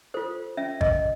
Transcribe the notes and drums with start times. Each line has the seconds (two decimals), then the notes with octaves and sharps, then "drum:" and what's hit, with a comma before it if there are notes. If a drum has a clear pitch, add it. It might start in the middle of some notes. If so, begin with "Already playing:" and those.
0.14 F4 A4 C5
0.57 C#4 E5
0.81 D#5, drum: kick G#1